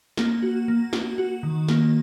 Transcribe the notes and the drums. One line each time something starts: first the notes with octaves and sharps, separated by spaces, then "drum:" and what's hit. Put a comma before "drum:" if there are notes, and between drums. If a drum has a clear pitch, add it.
A#3, drum: snare
F#4
A#3
F#4, drum: snare
F#4
D#3
A#3, drum: snare